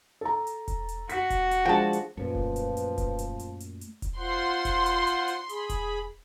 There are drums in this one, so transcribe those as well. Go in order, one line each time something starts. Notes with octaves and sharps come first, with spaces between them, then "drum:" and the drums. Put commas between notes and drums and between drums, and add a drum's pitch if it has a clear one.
A4 A#5
drum: hi-hat
drum: kick E1, hi-hat
drum: hi-hat
F#4 B6, drum: hi-hat
drum: kick E1, hi-hat
drum: hi-hat
F3 G#3 D4 G5 A5
drum: hi-hat
F#2 A#2 F3 A3 B4
drum: kick E1
drum: hi-hat
drum: hi-hat
drum: kick E1, hi-hat
drum: hi-hat
drum: hi-hat
drum: hi-hat
drum: hi-hat
drum: kick E1, hi-hat
F4 C5 F#5 C6
drum: kick E1, hi-hat
drum: hi-hat
drum: hi-hat
drum: hi-hat
G#4 B5, drum: hi-hat
drum: kick E1, hi-hat